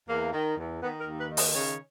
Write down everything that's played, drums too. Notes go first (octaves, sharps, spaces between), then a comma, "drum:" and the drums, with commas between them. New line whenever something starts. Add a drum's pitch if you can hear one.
E2 A#3
D#3
E2
D#3 B3
A#4
D#2
B4
D#3
D#5, drum: open hi-hat
C#3 C#5